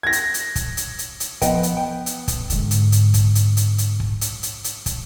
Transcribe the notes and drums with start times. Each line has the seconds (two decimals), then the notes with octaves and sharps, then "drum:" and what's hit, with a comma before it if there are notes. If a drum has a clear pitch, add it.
0.03 G#6 A#6
0.13 drum: hi-hat
0.34 drum: hi-hat
0.56 drum: kick, hi-hat
0.77 drum: hi-hat
0.99 drum: hi-hat
1.20 drum: hi-hat
1.42 F3 B3 D#5 G5, drum: kick, hi-hat
1.63 drum: hi-hat
1.77 G5
2.06 drum: hi-hat
2.28 drum: kick, hi-hat
2.50 G#2 D3, drum: hi-hat
2.71 drum: hi-hat
2.92 drum: hi-hat
3.14 drum: kick, hi-hat
3.35 drum: hi-hat
3.57 drum: hi-hat
3.78 drum: hi-hat
4.00 drum: kick
4.21 drum: hi-hat
4.43 drum: hi-hat
4.64 drum: hi-hat
4.86 drum: kick, hi-hat